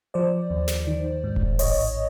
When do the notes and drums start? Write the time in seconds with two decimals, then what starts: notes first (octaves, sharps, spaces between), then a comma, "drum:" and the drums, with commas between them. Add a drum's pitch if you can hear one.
0.14 F3 C5 D5
0.50 D#2
0.68 drum: snare
0.87 D#3
1.24 G#2
1.36 drum: kick E1
1.59 A1 C#5 D#5, drum: open hi-hat